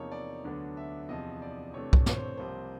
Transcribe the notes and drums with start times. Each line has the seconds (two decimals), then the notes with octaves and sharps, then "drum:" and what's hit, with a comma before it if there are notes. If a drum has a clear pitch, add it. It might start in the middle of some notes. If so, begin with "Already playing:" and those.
Already playing: E2 C3 F3 A#3 D#4 C#5
0.12 D5
0.44 D2 D3 F#3 B3 D4
0.77 E5
1.09 E2 C3 F3 D#5
1.42 D5
1.74 C3 E3 A3 D4 C#5
1.93 drum: kick C2
2.06 C#5, drum: snare
2.16 C5
2.38 C2 C3 F3 A#3 C5